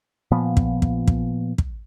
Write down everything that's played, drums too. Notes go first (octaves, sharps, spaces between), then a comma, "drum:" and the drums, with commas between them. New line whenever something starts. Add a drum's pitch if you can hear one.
A#2 F3 B3
drum: kick
drum: kick
drum: kick
drum: kick